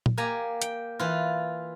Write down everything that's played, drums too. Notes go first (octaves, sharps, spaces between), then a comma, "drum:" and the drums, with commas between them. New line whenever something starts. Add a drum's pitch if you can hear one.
drum: tom A#2
A#3 G4 G#5 A#5
G5, drum: hi-hat
E3 F4